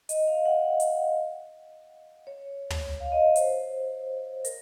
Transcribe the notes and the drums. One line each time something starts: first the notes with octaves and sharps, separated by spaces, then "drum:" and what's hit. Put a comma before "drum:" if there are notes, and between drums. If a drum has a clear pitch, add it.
D#5, drum: hi-hat
F5
F#5
drum: hi-hat
C#5
drum: tom
F5
D#5
C#5
C5, drum: hi-hat
A#4, drum: hi-hat